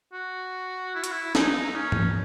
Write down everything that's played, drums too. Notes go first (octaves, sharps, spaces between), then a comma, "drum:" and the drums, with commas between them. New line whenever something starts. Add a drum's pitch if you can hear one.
F#4
E4
F#4, drum: hi-hat
E4
D#4, drum: snare
C#4
drum: tom